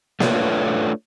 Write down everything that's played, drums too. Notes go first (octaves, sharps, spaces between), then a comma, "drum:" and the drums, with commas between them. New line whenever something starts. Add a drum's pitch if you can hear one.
A3 D4 F4 B4 C#5, drum: snare A#3